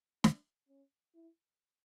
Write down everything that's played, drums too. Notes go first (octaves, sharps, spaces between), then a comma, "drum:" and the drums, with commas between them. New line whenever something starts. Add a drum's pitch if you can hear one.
D4, drum: snare
C#4
E4